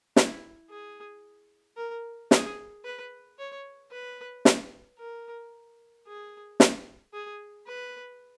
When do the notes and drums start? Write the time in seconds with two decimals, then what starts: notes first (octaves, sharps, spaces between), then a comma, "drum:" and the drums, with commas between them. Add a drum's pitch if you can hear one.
0.16 E4, drum: snare
0.70 G#4
1.77 A#4
2.31 G#4, drum: snare
2.85 B4
3.38 C#5
3.91 B4
4.45 drum: snare
4.98 A#4
6.07 G#4
6.60 drum: snare
7.13 G#4
7.67 B4